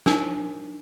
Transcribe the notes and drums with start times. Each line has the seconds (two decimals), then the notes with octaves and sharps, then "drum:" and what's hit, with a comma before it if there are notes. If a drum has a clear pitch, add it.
0.06 D4 D#4 A#4 G#5, drum: snare